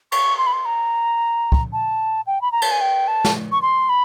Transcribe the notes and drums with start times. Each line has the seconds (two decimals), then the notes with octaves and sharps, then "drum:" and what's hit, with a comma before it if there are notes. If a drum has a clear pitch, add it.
0.12 C#6, drum: cymbal
0.38 C6
0.47 B5
0.53 C6
0.65 A#5
1.52 drum: kick
1.73 A5
2.27 G5
2.41 B5
2.52 A#5
2.62 A5, drum: cymbal
2.71 G#5
2.81 G5
3.07 A5
3.25 drum: snare
3.52 C#6
3.62 C6
3.89 B5